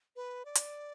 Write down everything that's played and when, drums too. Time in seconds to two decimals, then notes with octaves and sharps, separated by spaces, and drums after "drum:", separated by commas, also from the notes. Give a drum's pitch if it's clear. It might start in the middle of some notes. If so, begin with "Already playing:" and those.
0.16 B4
0.45 D5
0.55 drum: hi-hat